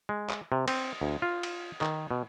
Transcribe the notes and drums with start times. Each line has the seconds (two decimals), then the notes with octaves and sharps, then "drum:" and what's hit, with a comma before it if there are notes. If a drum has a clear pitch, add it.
0.09 G#3
0.30 drum: clap
0.52 C3
0.68 C4, drum: cymbal
1.02 D2
1.22 F4
1.43 drum: cymbal
1.81 D#3, drum: clap
2.11 B2